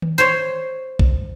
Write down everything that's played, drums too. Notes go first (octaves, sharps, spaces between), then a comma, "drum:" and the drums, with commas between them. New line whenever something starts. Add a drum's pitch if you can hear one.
drum: tom D#3
C5 C#5
drum: kick